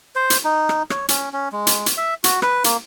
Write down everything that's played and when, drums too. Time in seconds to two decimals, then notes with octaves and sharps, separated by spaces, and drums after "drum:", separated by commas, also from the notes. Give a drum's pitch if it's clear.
0.16 C5
0.30 drum: hi-hat
0.44 D#4
0.69 drum: rim click
0.90 C#5, drum: rim click
1.09 C#4, drum: hi-hat
1.33 C#4
1.52 G#3
1.67 drum: hi-hat
1.86 drum: hi-hat
1.97 E5
2.24 F#4, drum: hi-hat
2.42 B4, drum: rim click
2.64 A#3, drum: hi-hat